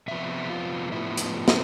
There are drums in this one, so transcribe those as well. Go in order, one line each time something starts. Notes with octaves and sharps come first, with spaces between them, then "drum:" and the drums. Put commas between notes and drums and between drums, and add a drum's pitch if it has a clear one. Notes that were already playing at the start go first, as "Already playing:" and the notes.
C3 F3 B3 E5
F4
A2 F3 B3 E4
drum: hi-hat
C4, drum: snare